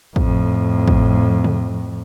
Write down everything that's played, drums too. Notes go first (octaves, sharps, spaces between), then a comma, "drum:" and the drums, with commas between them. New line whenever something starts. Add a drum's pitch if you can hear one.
F2 A2, drum: kick
drum: kick
drum: tom C3